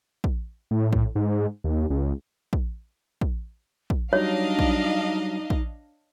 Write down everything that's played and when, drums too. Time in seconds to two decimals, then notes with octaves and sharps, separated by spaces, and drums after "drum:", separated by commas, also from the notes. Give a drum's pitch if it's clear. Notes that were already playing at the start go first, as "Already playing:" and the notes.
0.24 drum: kick
0.71 A2
0.93 drum: kick
1.15 G#2
1.64 D#2
1.90 C#2
2.53 drum: kick
3.21 drum: kick
3.90 drum: kick
4.13 F#3 G3 D4 D#4 C#5 D#5 F5
4.59 drum: kick
5.50 drum: kick